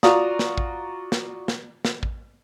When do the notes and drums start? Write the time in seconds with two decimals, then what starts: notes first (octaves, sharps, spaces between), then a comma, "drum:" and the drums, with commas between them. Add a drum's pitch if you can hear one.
0.03 F4 F#4 D5 A#5 C#6 D#6, drum: snare
0.39 drum: snare
0.58 drum: kick A1
1.12 drum: snare
1.48 drum: snare
1.85 drum: snare
2.03 drum: kick A1